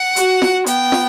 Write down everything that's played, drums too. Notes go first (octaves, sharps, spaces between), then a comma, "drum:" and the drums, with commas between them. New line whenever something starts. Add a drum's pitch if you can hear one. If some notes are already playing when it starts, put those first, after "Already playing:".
Already playing: F#5
F#4, drum: hi-hat
drum: snare
B3 G5, drum: hi-hat
drum: snare